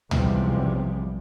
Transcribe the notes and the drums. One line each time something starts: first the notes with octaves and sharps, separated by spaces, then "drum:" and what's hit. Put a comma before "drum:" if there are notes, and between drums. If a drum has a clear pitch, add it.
B1 E2 C3 F3 G3 G#3, drum: tom C#2